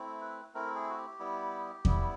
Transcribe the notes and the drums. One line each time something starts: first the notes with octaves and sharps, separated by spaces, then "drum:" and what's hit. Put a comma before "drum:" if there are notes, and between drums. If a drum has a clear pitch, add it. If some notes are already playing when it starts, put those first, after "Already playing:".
Already playing: A3 C4 E4
B4
A3 C4 E4 A#4
G#4
F#4
G4
G3 B3 E4
G3 B3 E4, drum: kick E2